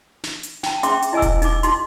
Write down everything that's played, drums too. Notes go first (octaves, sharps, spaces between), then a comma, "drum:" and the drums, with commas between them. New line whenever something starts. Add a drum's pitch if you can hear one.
drum: snare
drum: hi-hat
G5 A5, drum: snare
C#4 G#4 E5 G5 C6 D6, drum: hi-hat
drum: hi-hat
E4 D#5 G#5 D6 E6
drum: kick E1, hi-hat
D#4 D6, drum: hi-hat
D#4 F#4 C6, drum: hi-hat